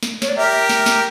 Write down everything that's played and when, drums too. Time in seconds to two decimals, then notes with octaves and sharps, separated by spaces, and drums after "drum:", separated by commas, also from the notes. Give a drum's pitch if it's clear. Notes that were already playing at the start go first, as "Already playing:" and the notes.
0.03 drum: snare
0.22 C#5, drum: snare
0.29 D5
0.35 G4 A#4 E5
0.69 drum: snare
0.86 drum: snare